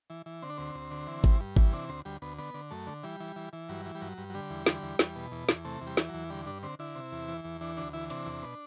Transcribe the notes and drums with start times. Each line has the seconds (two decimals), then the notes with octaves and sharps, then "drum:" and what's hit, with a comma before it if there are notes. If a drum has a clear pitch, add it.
0.10 E3
0.26 E3
0.42 D3 C4
0.50 D4
0.58 D2 C4
0.75 D2
0.91 D3
1.07 E3
1.24 G2, drum: kick G#1
1.40 G2
1.57 E3, drum: kick G#1
1.73 C3 D4
1.89 D2 C4
2.05 D2 G3
2.22 D2 B3
2.38 D3 B3
2.54 D3
2.71 F#2 A3
2.87 D3
3.04 E3 G3
3.20 E3
3.36 E3
3.53 E3
3.69 G2 F#3
3.86 E3
3.95 G3
4.01 G2 F#3
4.18 G2
4.30 F#3
4.35 D3 G3
4.50 E2
4.66 D3, drum: snare
4.83 E2
4.99 E2, drum: snare
5.16 B2
5.32 E2
5.49 E2, drum: snare
5.64 C3 A3
5.81 E2
5.87 G3
5.97 E3, drum: snare
6.09 E2 F#3
6.30 D3 G3
6.46 G2 D4
6.63 D3 C4
6.79 D3 E4
6.95 C3
7.12 E2
7.28 E3
7.44 E2
7.61 E3 D4
7.77 D2 D4
7.93 E3 E4
8.10 C3 D4, drum: hi-hat
8.26 E2
8.43 B2